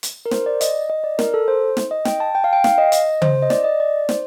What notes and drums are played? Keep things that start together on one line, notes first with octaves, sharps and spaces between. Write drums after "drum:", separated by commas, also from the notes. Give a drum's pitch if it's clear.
drum: hi-hat
A#4
C5, drum: snare
D5
D#5, drum: hi-hat
D#5
D5
A#4, drum: snare
A4
C5
drum: snare
D#5
G5, drum: snare
A5
G5
F5
G5
F5, drum: snare
D#5
D#5, drum: hi-hat
C5, drum: tom C#3
D#5
D5, drum: snare
D#5
D5
C5, drum: snare